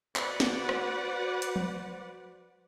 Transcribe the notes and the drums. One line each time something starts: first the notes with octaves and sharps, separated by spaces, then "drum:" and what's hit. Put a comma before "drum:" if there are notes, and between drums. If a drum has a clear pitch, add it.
F#4 B4 C5 D5 F#5, drum: clap
drum: snare
drum: rim click
drum: hi-hat
drum: tom F3